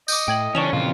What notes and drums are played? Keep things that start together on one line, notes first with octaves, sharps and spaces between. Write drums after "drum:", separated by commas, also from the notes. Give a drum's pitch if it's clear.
D#5 D6 G6, drum: tambourine
A2 G5 G#6 F#7
C#3 E3 C#4 D4 C#6 E7 F7
F2 A#2 C#3 E3 F4